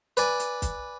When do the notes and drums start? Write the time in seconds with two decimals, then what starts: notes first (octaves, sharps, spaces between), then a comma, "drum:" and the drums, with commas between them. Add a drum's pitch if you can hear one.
0.17 B4 D5 G#5, drum: hi-hat
0.40 drum: hi-hat
0.62 drum: kick, hi-hat